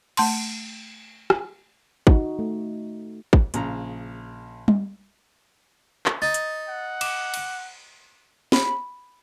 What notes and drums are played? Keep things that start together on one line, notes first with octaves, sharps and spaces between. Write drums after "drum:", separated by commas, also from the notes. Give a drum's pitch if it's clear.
A3 A5 C6, drum: cymbal
drum: rim click
D#4 F#4, drum: kick
A3
drum: kick
A#1 C#3 A#5, drum: hi-hat
drum: tom G3
drum: clap
D#4 A6
drum: hi-hat
F#5
D6 E7, drum: cymbal
drum: cymbal
B5, drum: snare